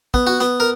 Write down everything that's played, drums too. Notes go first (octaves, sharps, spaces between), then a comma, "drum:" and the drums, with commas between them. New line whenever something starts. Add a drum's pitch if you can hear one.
B3, drum: kick
F#4
B3, drum: hi-hat
A#4